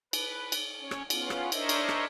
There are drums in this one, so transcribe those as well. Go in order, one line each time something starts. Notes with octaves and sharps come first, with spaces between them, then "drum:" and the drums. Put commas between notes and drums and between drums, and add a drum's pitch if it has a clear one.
B4, drum: cymbal
drum: cymbal
C#4 C#5
drum: rim click
B3 C#4 F4, drum: cymbal
drum: rim click
D4 A#4 C5 C#5 D#5 E5, drum: cymbal
drum: cymbal
drum: rim click